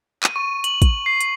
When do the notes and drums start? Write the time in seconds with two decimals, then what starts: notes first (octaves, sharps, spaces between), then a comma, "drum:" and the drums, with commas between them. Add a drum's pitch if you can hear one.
0.23 D#7, drum: clap
0.36 C#6
0.64 F#7, drum: hi-hat
0.82 drum: kick, hi-hat
1.06 C7
1.21 drum: hi-hat